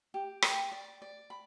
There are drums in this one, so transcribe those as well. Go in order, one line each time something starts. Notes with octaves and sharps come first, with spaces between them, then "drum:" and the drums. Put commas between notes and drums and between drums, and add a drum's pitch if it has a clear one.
G4
G5, drum: rim click
D5
D5
B5